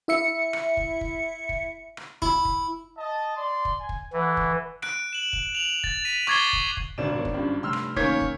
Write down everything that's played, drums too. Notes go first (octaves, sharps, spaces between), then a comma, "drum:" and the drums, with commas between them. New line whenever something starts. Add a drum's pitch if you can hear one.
E4 E5 C#7
drum: rim click
drum: kick
drum: kick
drum: kick
drum: rim click
E4, drum: kick
drum: kick
D#5 A5
D5 C6
drum: kick
G#5
drum: kick
E3 A3 F#5
drum: kick
F#6 D7, drum: rim click
E7 F#7
drum: kick
F7 F#7
A6, drum: kick
B6 D#7
C#6 D6 G#6 A6 C7 G7, drum: rim click
drum: kick
drum: kick
G#1 B2 D#3 D4 F#4 E7
B3 A#4 C#5
drum: kick
G2 C#4 F4
C3 A3 C6 E6 F6
drum: rim click
D#3 A#3 C#4 C#5 G6 G#6 B6, drum: kick
drum: kick